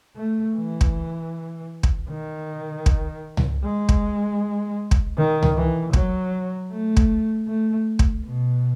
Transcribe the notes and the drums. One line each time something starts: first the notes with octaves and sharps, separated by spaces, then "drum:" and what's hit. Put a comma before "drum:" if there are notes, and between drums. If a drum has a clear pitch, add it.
A3
E3
drum: kick
drum: kick
D#3
drum: kick
drum: tom C#2
G#3
drum: kick
drum: kick
D#3
drum: tom C#2
E3
F#3, drum: kick
A3
drum: kick
A3
drum: kick
B2